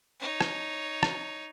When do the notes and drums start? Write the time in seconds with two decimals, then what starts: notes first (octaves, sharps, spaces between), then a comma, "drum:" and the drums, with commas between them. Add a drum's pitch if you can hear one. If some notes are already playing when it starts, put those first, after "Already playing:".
0.20 D#4 C#5
0.41 drum: rim click
1.03 drum: rim click